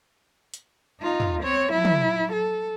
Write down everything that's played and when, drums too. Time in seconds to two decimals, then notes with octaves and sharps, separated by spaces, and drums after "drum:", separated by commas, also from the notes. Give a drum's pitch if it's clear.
0.54 drum: hi-hat
1.01 D#4 F4
1.20 drum: tom
1.42 C4 C#5
1.73 F#3 E4
1.85 drum: tom
2.33 A4